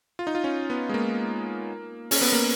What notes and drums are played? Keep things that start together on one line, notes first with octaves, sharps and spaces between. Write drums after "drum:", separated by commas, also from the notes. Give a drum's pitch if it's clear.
F4
D#4
F4
C#4
B3
G#3
A#3
C#4, drum: open hi-hat
B3
A#3